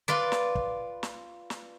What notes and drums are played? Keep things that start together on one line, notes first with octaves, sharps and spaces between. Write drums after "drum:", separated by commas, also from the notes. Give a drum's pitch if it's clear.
F4 B4 D5
drum: snare
drum: kick
drum: snare
drum: snare